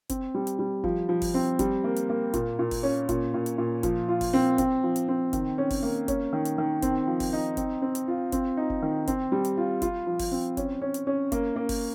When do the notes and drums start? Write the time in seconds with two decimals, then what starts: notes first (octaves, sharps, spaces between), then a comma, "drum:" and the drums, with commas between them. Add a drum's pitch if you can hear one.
0.09 C4, drum: kick F#1, hi-hat
0.35 G3
0.47 drum: hi-hat
0.59 G3
0.84 F3, drum: kick F#1
1.09 F3
1.22 drum: kick F#1, open hi-hat
1.34 C4
1.59 G3, drum: kick F#1, hi-hat
1.84 A#3
1.96 drum: hi-hat
2.09 A#3
2.34 A#2, drum: kick F#1, hi-hat
2.59 A#2
2.71 drum: kick F#1, open hi-hat
2.83 C#4
3.09 A#2, drum: kick F#1, hi-hat
3.34 A#2
3.46 drum: hi-hat
3.58 A#2
3.83 F3, drum: kick F#1, hi-hat
4.08 F4
4.21 drum: kick F#1, open hi-hat
4.33 C4
4.58 C4, drum: kick F#1, hi-hat
4.83 F3
4.96 drum: hi-hat
5.08 C4
5.33 D#3, drum: kick F#1, hi-hat
5.58 C#4
5.70 drum: kick F#1, open hi-hat
5.83 A#3
6.08 C#4, drum: kick F#1, hi-hat
6.33 D#3
6.45 drum: hi-hat
6.58 D#3
6.82 C4, drum: kick F#1, hi-hat
7.07 F3
7.20 drum: kick F#1, open hi-hat
7.33 D#4
7.57 C4, drum: kick F#1, hi-hat
7.82 C4
7.95 drum: hi-hat
8.08 F4
8.32 C4, drum: kick F#1, hi-hat
8.57 D#4
8.70 drum: kick F#1
8.82 D#3
9.07 C4, drum: kick F#1, hi-hat
9.32 G3
9.45 drum: hi-hat
9.57 F4
9.82 F4, drum: kick F#1, hi-hat
10.07 F3
10.19 drum: kick F#1, open hi-hat
10.32 C4
10.57 C#4, drum: kick F#1, hi-hat
10.82 C#4
10.94 drum: hi-hat
11.07 C#4
11.32 A#3, drum: kick F#1, hi-hat
11.56 A#3
11.69 drum: kick F#1, open hi-hat